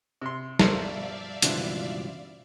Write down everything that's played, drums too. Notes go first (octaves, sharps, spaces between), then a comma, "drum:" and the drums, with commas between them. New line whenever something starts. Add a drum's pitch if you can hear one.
C3 C6
G2 B2 A4 A#4 C5 D5 E5 F5, drum: snare
C#2 G2 B2 D3 E3 F3 C4, drum: hi-hat